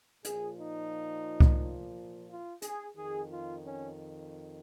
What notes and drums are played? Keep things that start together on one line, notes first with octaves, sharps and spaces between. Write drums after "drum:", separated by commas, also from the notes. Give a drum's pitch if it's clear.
A#2 F3 G#4, drum: hi-hat
D#4
drum: kick C2
F4
G#4, drum: hi-hat
F2 D#3 G#4
F4
C#4